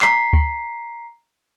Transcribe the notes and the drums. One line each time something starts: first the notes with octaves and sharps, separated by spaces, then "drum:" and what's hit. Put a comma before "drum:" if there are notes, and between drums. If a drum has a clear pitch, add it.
A#5 B6 C7, drum: clap
drum: kick D2